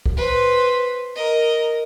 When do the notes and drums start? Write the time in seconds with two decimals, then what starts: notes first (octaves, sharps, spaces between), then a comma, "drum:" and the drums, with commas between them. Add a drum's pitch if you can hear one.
0.06 drum: kick C2
0.17 B4 C5
1.16 A#4 D#5